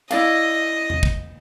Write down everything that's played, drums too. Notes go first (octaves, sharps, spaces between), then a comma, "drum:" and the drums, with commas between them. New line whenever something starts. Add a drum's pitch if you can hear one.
E4 D5 D#5 F5, drum: cymbal
drum: tom E2
drum: kick